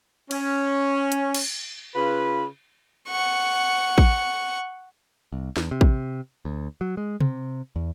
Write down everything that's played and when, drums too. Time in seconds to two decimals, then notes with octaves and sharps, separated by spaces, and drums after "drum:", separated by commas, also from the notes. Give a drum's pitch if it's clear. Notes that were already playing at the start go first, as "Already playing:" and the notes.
0.31 C#4, drum: cymbal
1.12 drum: hi-hat
1.34 drum: cymbal
1.95 C#3 F4 B4
3.08 F#5 C#6
3.98 drum: kick
5.33 C2
5.57 E2, drum: snare
5.71 C3
5.81 drum: kick
6.45 D2
6.81 F#3
6.97 G#3
7.20 C3, drum: tom C3
7.76 E2